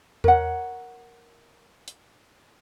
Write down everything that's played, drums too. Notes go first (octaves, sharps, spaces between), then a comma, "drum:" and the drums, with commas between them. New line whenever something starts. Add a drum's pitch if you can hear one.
A#4 C#5 F#5, drum: tom E2
drum: hi-hat